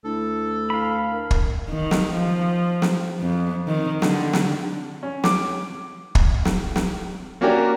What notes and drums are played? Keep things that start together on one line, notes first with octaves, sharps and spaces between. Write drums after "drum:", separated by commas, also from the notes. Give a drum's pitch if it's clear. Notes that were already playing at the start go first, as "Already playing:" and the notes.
D2 E4 A4
F5 B5
A#4
drum: kick
D#3
drum: snare
F3
drum: snare
F2
D#3
D3, drum: snare
drum: snare
C#4
D6, drum: snare
drum: kick
drum: snare
drum: snare
A#3 C#4 D4 F#4 G4 A#4